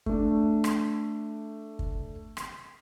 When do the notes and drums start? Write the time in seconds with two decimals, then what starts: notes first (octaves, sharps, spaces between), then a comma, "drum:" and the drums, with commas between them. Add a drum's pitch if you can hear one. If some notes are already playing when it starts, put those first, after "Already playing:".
0.06 A3 D4, drum: kick
0.64 drum: rim click
1.79 drum: kick
2.37 drum: rim click